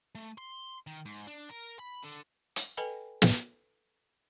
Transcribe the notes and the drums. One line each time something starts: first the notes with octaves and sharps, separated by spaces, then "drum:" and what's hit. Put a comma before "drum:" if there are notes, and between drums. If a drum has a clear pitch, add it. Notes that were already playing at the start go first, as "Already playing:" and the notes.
A3
C6
D#3
G#2
D4
A#4
B5
D3
drum: hi-hat
A4 B4 D#5 G5 G#5 B5
drum: snare